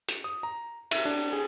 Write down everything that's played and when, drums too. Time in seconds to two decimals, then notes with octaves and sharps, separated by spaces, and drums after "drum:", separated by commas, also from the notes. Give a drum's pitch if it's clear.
0.08 drum: hi-hat
0.24 D#6
0.43 A#5
0.91 E5, drum: cymbal
1.05 D4
1.33 G#4